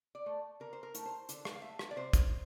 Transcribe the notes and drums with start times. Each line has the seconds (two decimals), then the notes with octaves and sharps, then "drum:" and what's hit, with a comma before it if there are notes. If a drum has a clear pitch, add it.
0.15 D5
0.26 A3
0.60 D3 A#4
0.73 C5
0.83 A#4
0.95 A3, drum: hi-hat
1.06 C5
1.29 D3, drum: hi-hat
1.45 drum: rim click
1.55 F5
1.62 A3 E5
1.79 drum: rim click
1.91 D5
1.96 C3 C5
2.13 drum: kick, hi-hat